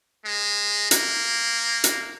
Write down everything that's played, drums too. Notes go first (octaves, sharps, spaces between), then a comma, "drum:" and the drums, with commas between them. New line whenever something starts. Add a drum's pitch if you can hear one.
G#3
A#3, drum: hi-hat
drum: hi-hat